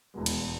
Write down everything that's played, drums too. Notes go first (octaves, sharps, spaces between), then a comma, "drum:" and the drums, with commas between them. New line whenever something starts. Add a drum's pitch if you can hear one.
E1 E2 B2 G#3 B3
drum: cymbal